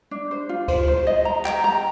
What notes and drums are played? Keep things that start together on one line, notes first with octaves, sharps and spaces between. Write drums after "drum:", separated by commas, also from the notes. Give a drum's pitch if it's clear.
D4
C5
F4
C5, drum: kick C#2, cymbal
C5
D#5
A#5
G5, drum: clap
A#5